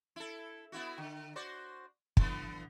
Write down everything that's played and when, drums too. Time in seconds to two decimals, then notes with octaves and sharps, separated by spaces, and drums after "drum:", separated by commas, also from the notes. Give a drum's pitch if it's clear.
0.16 E4 A4
0.72 B3 E4 F#4
0.98 D3
1.36 F#4 C5 D5
2.17 D3 E3 B3, drum: kick